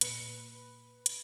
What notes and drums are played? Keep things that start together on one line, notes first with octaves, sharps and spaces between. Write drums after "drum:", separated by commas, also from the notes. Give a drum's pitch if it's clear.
A#2 B4 C#7, drum: hi-hat
drum: hi-hat